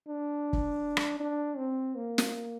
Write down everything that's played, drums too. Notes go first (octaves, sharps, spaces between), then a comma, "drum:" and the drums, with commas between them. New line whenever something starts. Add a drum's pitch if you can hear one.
D4
drum: kick
drum: rim click
D4
C4
A#3
drum: snare